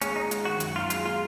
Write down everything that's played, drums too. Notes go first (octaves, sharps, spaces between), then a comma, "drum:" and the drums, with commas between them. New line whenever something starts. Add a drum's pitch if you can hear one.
G#3 C#4, drum: hi-hat
G#3 D#4
G#3, drum: hi-hat
D#3 F#4
F#2, drum: hi-hat
F#2 F4
G#3 F4, drum: hi-hat
G#3 F4